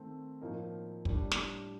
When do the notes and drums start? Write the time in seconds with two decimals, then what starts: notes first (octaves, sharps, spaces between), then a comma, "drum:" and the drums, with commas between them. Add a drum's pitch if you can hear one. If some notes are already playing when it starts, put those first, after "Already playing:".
Already playing: D#3 A3 C4
0.41 A2 F3 A#3 D#4 A#4
1.05 A2 G3 D4, drum: kick
1.31 drum: snare